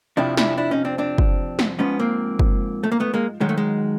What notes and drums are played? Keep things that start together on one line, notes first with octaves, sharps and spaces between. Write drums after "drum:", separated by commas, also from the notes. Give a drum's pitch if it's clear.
F2 C3 F3 D4 E4
D4 E4, drum: snare
D4 E4
C#4 D#4
C4 D4
C4 D4
drum: kick
drum: snare
G#2 F3 B3 C#4
A#3 C4
drum: kick
A3
A#3
A3 B3
G#3 A#3
G#2 D#3 F#3 G#3
A3
G#3